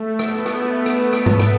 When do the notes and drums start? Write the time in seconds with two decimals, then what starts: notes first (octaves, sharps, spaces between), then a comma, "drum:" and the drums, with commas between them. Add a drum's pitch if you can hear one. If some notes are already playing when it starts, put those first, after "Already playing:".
Already playing: A3
0.19 B3, drum: rim click
0.46 drum: rim click
0.86 drum: rim click
1.13 drum: rim click
1.26 drum: tom G#2
1.40 drum: rim click